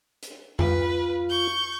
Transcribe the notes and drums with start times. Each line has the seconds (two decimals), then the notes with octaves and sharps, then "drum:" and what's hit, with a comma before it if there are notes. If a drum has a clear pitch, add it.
0.23 drum: hi-hat
0.59 F4 B4, drum: tom F2
1.30 C#6 G6